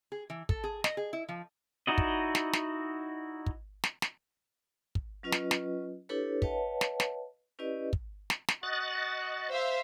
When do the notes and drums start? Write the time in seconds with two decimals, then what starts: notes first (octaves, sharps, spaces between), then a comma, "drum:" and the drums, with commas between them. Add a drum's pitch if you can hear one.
0.12 G#4
0.30 E3
0.49 A4, drum: kick
0.64 G#4
0.84 D#5, drum: snare
0.97 G#4
1.13 E4
1.29 F3
1.87 D#4 E4 F#4 D5 D#5
1.98 drum: kick
2.35 drum: snare
2.53 drum: snare
3.46 drum: kick
3.84 drum: snare
4.02 drum: snare
4.95 drum: kick
5.23 F#3 C#4 F4 B4 D#5
5.32 drum: snare
5.51 drum: snare
6.09 D4 E4 G4 A4 B4 C#5
6.42 B4 C#5 D#5 F5 G5 A5, drum: kick
6.81 drum: snare
7.00 drum: snare
7.59 C#4 E4 G4 B4 D5 D#5
7.93 drum: kick
8.30 drum: snare
8.49 drum: snare
8.63 F#4 D#5 F#6 A6
9.49 C5 E5 F5